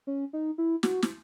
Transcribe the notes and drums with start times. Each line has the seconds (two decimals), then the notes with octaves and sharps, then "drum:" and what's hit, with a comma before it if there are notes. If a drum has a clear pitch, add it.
0.07 C#4
0.33 D#4
0.58 E4
0.83 F#4, drum: snare
1.02 drum: snare